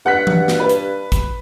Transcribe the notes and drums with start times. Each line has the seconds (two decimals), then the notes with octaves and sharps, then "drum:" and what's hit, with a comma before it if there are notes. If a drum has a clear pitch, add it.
0.06 G2 F#5 F#6 B6
0.27 drum: tom E3
0.48 drum: snare
0.60 B4
0.69 drum: hi-hat
1.12 drum: kick, hi-hat